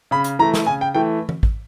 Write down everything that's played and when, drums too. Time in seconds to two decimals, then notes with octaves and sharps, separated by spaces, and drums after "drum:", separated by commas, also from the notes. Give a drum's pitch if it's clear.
0.11 C#3 B5
0.24 drum: hi-hat
0.39 E3 A3 A#5
0.54 drum: snare
0.67 C#3 G#5
0.81 G5
0.94 E3 A3 G5
1.29 drum: tom E3
1.43 drum: kick